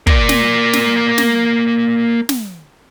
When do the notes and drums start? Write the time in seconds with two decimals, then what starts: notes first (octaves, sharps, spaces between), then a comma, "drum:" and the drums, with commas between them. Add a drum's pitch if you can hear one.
0.07 A#3 D5, drum: kick
0.29 drum: snare
0.73 drum: snare
1.18 drum: snare
2.29 drum: snare